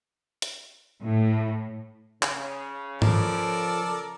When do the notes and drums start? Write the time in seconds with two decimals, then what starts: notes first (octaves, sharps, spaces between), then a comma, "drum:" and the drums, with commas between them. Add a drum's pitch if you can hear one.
0.42 drum: hi-hat
1.02 A2
2.23 C#3, drum: clap
3.02 F3 A4 A#4 D5, drum: tom G#2